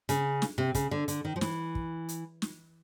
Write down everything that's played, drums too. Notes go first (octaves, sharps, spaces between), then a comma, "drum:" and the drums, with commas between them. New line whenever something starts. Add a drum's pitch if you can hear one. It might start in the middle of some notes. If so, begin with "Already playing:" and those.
C#3, drum: hi-hat
drum: snare
C3
C#3, drum: kick, hi-hat
D3
D3, drum: hi-hat
D#3
F3
E3, drum: snare
drum: kick
drum: hi-hat
drum: snare